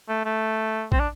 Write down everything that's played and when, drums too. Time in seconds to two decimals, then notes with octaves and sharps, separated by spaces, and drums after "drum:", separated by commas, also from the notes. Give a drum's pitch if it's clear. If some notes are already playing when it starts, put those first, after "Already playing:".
0.08 A3
0.25 A3
0.92 C4, drum: kick
0.99 D4